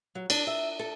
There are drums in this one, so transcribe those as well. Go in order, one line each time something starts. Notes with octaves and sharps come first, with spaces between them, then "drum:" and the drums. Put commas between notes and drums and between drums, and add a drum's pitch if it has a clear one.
F#3
D4, drum: cymbal
E5
A4